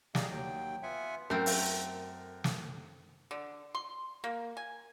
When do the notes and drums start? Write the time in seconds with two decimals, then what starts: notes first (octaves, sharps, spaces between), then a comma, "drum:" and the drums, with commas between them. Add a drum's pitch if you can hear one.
0.15 D#4 G4 G#4 D5 D#5 F5, drum: snare
0.31 D#2 F#3 G5
0.83 B3 F4 E5 F#5 G#5
1.30 F#2 A3 C4 A#4
1.46 drum: open hi-hat
2.44 drum: snare
3.31 D3
3.75 C6
4.24 A#3
4.57 G#5